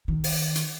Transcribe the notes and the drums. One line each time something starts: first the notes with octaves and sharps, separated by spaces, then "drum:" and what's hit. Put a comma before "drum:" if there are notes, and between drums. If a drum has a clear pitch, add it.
D#3
drum: open hi-hat
drum: hi-hat